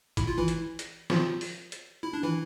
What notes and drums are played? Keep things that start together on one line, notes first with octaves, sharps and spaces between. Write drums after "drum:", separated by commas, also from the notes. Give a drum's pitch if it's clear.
E4, drum: kick A1, hi-hat
F4
E3 E4
drum: hi-hat
drum: hi-hat
F3 F4, drum: snare
drum: open hi-hat
drum: hi-hat
E4
D4
E3 E4